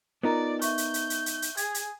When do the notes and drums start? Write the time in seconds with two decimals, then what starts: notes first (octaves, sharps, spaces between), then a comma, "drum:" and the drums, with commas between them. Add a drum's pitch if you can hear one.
0.23 B3 D#4 F4 A#4 D5 A#5
0.62 E5 C#6 G6, drum: hi-hat
0.78 drum: hi-hat
0.94 drum: hi-hat
1.10 drum: hi-hat
1.26 drum: hi-hat
1.42 drum: hi-hat
1.57 G#4 G#6, drum: hi-hat
1.74 drum: hi-hat